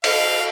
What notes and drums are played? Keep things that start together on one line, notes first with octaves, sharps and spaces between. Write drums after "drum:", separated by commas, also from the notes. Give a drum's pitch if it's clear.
F5, drum: cymbal